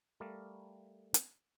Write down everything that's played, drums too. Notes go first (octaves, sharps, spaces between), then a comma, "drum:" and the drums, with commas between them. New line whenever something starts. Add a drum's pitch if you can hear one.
G3 A3 A#4 D5 F5
drum: hi-hat